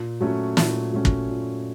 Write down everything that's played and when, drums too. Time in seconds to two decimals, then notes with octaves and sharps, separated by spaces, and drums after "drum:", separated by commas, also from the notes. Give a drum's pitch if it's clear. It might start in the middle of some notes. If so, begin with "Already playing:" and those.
Already playing: A#2
0.21 F#3 A3 C#4
0.57 A#2, drum: snare
0.92 F#3 A3 C#4
1.05 drum: kick
1.29 A#2